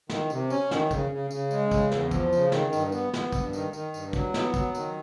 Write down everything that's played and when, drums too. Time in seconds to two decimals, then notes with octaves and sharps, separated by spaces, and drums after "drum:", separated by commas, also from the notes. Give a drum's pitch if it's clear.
0.09 D#3, drum: snare
0.30 C3, drum: tambourine
0.50 C#4, drum: tambourine
0.71 D#3, drum: snare
0.91 C#3, drum: kick, tambourine
1.11 C#3
1.31 C#3, drum: tambourine
1.51 G#3, drum: tambourine
1.71 C#3, drum: kick, tambourine
1.91 E2, drum: snare
2.11 F3, drum: kick, tambourine
2.33 C#3, drum: tambourine
2.52 D#3, drum: snare
2.73 G2, drum: tambourine
2.92 B3, drum: tambourine
3.13 B3, drum: snare
3.32 G2, drum: kick, tambourine
3.53 D#3, drum: tambourine
3.73 D#3, drum: tambourine
3.94 G2, drum: tambourine
4.13 F#3, drum: kick, tambourine
4.34 B3, drum: snare
4.54 F#3, drum: kick, tambourine
4.75 D#3, drum: tambourine